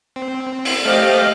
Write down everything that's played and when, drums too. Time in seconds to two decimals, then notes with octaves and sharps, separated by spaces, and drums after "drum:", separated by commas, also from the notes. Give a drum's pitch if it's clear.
0.16 C4
0.65 drum: open hi-hat
0.86 A3 G4 C5 D#5 F5